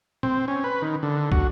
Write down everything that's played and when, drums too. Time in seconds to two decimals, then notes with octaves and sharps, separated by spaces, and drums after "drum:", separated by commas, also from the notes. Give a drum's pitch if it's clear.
0.23 C4, drum: tom A#2
0.48 C#4
0.64 B4
0.82 D#3
1.03 D3
1.32 F#4, drum: kick